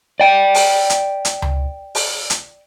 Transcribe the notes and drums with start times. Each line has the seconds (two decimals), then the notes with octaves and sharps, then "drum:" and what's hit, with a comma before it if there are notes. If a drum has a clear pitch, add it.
0.20 D5 G5
0.55 drum: open hi-hat
0.90 drum: hi-hat
1.25 drum: hi-hat
1.42 drum: tom C#2
1.95 drum: open hi-hat
2.30 drum: hi-hat